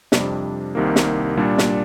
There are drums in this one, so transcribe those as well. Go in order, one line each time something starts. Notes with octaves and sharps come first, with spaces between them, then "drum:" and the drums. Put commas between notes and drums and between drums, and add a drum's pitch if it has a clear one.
F2 C3 G3 D4, drum: snare
C2 C3 D#3 A#3
drum: snare
A#2 G3 D4
drum: snare